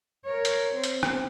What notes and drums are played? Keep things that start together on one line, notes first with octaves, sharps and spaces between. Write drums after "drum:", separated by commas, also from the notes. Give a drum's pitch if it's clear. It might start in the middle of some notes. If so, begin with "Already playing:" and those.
A#4 C#5
drum: hi-hat
C4
drum: hi-hat
drum: rim click